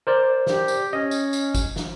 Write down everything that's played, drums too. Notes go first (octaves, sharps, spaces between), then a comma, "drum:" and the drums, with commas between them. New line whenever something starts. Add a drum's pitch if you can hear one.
A#4 C5 D5
G4, drum: snare
drum: tambourine
C#4 D#5
drum: tambourine
drum: tambourine
drum: kick, tambourine
drum: snare